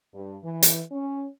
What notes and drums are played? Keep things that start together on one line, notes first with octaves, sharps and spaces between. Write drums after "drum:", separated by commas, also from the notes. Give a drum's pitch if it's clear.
G2
E3
drum: hi-hat
C#4